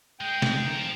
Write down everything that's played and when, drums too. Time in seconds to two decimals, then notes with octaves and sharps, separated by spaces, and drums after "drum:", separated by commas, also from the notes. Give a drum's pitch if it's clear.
0.20 G#3 G5
0.42 drum: snare
0.66 D#3
0.75 F3